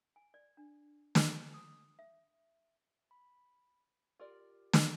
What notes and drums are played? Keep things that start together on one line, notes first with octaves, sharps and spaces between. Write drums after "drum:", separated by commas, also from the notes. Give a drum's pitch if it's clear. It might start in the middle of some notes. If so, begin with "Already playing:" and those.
G#5
D5
D4
drum: snare
D#6
E5
B5
F4 G4 A#4 D5
drum: snare